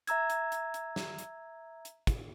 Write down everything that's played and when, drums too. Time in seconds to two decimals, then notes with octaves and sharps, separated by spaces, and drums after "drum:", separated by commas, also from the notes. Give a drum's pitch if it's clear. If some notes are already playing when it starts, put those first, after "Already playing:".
0.07 E5 A#5 E6 G#6, drum: hi-hat
0.30 drum: hi-hat
0.52 drum: hi-hat
0.74 drum: hi-hat
0.96 drum: snare
1.18 drum: hi-hat
1.85 drum: hi-hat
2.07 drum: kick, hi-hat